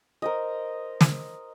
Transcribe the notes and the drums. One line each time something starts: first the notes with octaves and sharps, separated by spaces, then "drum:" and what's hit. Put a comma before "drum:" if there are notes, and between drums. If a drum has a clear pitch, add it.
A#4 C5 D#5
drum: snare